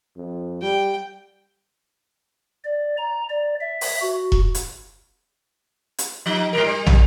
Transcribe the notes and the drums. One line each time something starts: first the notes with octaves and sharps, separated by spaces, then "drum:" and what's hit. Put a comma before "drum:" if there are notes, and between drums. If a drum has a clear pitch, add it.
F2
G3 G5
D5
A#5
D5
E5
drum: open hi-hat
F#4
drum: kick E1
drum: hi-hat
drum: hi-hat
F3 D#4
G#2 F3 A#4
G3
drum: tom